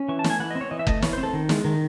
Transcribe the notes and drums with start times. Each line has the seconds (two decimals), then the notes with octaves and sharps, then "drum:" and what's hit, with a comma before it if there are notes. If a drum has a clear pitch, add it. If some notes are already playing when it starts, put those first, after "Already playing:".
Already playing: C#4
0.08 E3 C#6
0.19 A5
0.24 A3, drum: snare
0.30 G#5
0.40 E3 F#5
0.50 D#5
0.55 C4
0.61 C#5
0.71 E3 D#5
0.79 E5
0.87 A3 D#5, drum: kick F#1
1.02 E3 C#5, drum: snare
1.13 C5
1.18 C4
1.23 A4
1.33 D#3
1.49 G#3, drum: snare
1.64 D#3